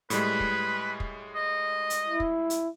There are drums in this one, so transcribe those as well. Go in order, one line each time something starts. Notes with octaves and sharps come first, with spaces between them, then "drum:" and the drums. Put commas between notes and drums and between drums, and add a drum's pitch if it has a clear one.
A2 G3 G#3 B4, drum: hi-hat
drum: kick
drum: kick
D#5
drum: hi-hat
E4
drum: kick
drum: hi-hat